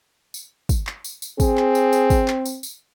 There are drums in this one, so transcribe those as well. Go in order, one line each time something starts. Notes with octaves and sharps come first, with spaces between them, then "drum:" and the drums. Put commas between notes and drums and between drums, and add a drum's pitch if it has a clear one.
drum: tambourine
drum: kick, tambourine
drum: clap
drum: tambourine
drum: tambourine
C4 G#4, drum: kick, tambourine
drum: clap
drum: tambourine
drum: tambourine
drum: kick, tambourine
drum: clap
drum: tambourine
drum: tambourine